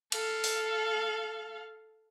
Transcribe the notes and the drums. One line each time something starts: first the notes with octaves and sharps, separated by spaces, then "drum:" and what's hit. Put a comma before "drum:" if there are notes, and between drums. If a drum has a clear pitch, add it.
A4 F5, drum: cymbal
drum: open hi-hat